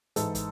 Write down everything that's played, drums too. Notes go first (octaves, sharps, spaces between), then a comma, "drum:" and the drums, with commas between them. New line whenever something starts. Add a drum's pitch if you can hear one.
G#2 E3 A4, drum: hi-hat
drum: kick, hi-hat